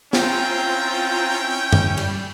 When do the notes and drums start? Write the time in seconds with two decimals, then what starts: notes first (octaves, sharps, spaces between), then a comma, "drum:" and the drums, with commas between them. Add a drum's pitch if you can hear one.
0.13 C4 C#4 E4 F4 G5 A#5, drum: snare
1.73 drum: tom F#2
1.97 G3, drum: cymbal